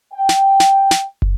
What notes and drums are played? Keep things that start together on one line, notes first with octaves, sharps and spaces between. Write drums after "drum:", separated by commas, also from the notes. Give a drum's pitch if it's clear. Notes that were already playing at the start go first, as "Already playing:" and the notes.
G5
drum: snare
drum: snare
drum: snare
drum: kick